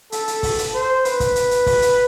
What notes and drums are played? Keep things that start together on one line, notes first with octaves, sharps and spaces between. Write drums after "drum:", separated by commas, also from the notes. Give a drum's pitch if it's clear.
A4, drum: hi-hat
drum: hi-hat
drum: kick, open hi-hat
drum: hi-hat
C5
B4, drum: hi-hat
drum: kick, hi-hat
drum: hi-hat
drum: hi-hat
drum: kick, open hi-hat
drum: hi-hat